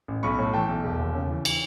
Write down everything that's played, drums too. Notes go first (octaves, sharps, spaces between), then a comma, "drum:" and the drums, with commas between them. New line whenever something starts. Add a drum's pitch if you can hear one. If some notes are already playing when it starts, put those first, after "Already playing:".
A1
B1 B5 C#6
A2
E3 G5 A5
B1
E1
D#2
C#3
E3
drum: cymbal